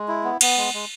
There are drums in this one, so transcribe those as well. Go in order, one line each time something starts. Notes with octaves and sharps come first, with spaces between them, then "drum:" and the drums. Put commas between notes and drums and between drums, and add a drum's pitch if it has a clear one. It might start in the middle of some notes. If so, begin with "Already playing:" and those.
Already playing: G#3
E4
B3
B3, drum: cymbal
G#3
G#3